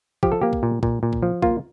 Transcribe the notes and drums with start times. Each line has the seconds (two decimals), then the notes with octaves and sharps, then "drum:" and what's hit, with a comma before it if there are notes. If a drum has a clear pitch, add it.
0.23 F3 G4, drum: kick
0.32 A4
0.41 A#3 G4
0.53 drum: kick
0.63 A#2
0.83 A#2, drum: kick
1.03 A#2
1.13 drum: kick
1.23 F3
1.42 A#3 F4, drum: kick